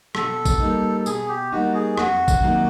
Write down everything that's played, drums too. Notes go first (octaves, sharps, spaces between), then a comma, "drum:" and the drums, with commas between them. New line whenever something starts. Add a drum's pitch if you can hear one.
B2 A4, drum: rim click
drum: kick G#1, tambourine
G3 A#3 D#4
B2 G#4, drum: tambourine
G4
G3 A#3 D#4 F#4
G#4
F2 F#4, drum: rim click
drum: kick G#1, tambourine
C3 D#3 F#3 A#3